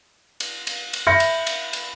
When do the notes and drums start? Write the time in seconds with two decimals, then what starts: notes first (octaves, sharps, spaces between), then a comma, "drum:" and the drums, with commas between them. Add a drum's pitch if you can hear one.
0.40 drum: cymbal
0.67 drum: cymbal
0.93 drum: cymbal
1.07 E5 B5 G6 A#6 C#7
1.20 drum: cymbal
1.47 drum: cymbal
1.73 drum: cymbal